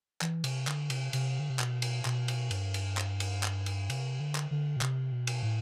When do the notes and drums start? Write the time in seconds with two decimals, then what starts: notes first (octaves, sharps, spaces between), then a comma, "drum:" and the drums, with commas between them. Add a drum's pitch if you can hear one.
0.21 E3, drum: clap
0.44 C3, drum: cymbal
0.67 D3, drum: clap
0.90 C3, drum: cymbal
1.13 C3, drum: cymbal
1.40 D3
1.50 C3
1.59 B2, drum: clap
1.82 drum: cymbal
2.05 B2, drum: clap
2.28 drum: cymbal
2.51 G2, drum: cymbal
2.74 drum: cymbal
2.97 drum: clap
3.20 drum: cymbal
3.43 drum: clap
3.66 drum: cymbal
3.90 C3, drum: cymbal
4.20 D3
4.35 drum: clap
4.51 D3
4.77 B2
4.81 C3, drum: clap
5.12 B2
5.27 drum: cymbal
5.43 A2